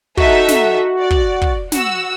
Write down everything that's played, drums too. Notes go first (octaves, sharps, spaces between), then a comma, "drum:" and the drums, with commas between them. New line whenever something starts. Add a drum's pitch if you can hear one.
D#4 F#4 A4 E5, drum: kick
drum: snare
D5
drum: kick
drum: kick
F#4 E6, drum: snare